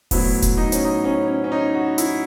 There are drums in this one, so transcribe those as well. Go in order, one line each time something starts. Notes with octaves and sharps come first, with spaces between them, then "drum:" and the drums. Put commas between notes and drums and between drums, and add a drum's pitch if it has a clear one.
A2 F#3 B3 E4, drum: kick E1, open hi-hat
drum: kick E1, hi-hat
D#4
C#4, drum: hi-hat
D#4
C#4
C#4
C#4
D#4
F#4
E4, drum: hi-hat